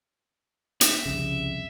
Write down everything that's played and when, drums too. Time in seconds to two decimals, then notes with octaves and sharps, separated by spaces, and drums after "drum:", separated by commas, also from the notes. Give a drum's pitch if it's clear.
0.81 E5, drum: hi-hat
1.06 C2 F2 C#3